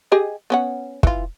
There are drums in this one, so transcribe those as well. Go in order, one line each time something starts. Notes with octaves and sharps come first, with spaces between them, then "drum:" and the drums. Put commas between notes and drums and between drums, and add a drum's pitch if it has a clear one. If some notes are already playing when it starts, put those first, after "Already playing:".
G4 G#4 D#5
B3 C#4 F#5
E3 F4, drum: kick